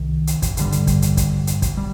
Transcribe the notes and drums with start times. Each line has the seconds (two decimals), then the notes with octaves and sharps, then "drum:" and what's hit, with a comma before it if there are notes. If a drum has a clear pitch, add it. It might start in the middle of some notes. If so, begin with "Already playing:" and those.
Already playing: C2 C3 D#3
0.27 drum: hi-hat
0.42 drum: kick, hi-hat
0.57 G2 D3 G3, drum: hi-hat
0.72 drum: hi-hat
0.87 drum: kick, hi-hat
1.02 drum: hi-hat
1.17 drum: kick, hi-hat
1.47 drum: hi-hat
1.62 drum: kick, hi-hat
1.77 G3